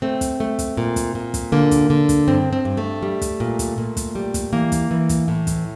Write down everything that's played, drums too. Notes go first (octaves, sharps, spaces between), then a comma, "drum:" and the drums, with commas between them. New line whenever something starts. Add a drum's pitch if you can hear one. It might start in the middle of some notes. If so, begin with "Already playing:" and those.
A3 C4
drum: kick, hi-hat
A3
drum: kick, hi-hat
A#2
drum: kick, hi-hat
A#2
drum: kick, hi-hat
D3 A#3
drum: kick, hi-hat
D3
drum: kick, hi-hat
G2 C4
C4
G2
A3
G3
drum: kick, hi-hat
A#2
drum: kick, hi-hat
A#2
drum: kick, hi-hat
G3
drum: kick, hi-hat
E3 A#3
drum: kick, hi-hat
E3
drum: kick, hi-hat
A2
drum: kick, hi-hat